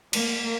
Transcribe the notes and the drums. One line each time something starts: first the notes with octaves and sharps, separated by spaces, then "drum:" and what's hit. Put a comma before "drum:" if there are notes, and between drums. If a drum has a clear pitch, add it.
A#3, drum: cymbal